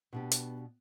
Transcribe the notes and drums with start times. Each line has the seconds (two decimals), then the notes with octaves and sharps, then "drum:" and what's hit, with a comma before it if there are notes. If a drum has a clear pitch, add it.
0.13 B2 B3 D4 G4
0.31 drum: hi-hat